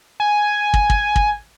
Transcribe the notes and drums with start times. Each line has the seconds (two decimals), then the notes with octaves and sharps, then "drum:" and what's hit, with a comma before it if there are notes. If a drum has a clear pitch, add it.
0.20 G#5
0.74 drum: kick
0.90 drum: kick
1.16 drum: kick